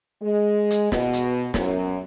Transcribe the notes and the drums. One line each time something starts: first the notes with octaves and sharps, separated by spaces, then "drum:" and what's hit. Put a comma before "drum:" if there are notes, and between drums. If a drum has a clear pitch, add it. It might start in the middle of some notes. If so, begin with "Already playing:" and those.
G#3
drum: hi-hat
B2, drum: snare
drum: hi-hat
F#2, drum: snare